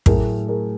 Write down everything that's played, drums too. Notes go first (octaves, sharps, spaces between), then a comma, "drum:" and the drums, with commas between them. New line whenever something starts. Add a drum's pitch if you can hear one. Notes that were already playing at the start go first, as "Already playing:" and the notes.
A2 F#3 A3 G#4 A#4, drum: kick
G#4 A#4